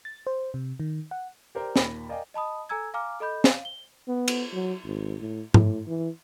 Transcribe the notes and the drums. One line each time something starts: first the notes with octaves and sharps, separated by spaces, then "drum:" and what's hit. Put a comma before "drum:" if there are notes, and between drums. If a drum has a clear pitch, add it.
A6
C5
C3
D#3
F#5
G4 A#4 C5 D5 G5
D#2 A#2 B5 A#6, drum: snare
A#4 D5 D#5 F5 G5 G#5
D#5 A5 B5 D#6
A4 G#5 A#5 E6 G#6
F5 G#5 A#5 D6 F6
A4 D#5 B5 G6
F5, drum: snare
G7
B3
drum: cymbal
F#3
G#1
A2
A2, drum: tom G#2
E3